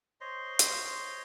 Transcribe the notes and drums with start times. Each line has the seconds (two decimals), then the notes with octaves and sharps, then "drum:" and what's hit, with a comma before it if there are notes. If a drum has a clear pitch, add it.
0.21 C5 C#5 D#5 C6
0.59 drum: hi-hat